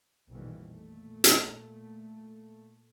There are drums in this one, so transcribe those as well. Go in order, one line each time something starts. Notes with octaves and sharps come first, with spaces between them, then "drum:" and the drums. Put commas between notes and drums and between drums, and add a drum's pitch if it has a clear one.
A#1 F2 B2 D#3 E3 G3
A#2 A3
drum: hi-hat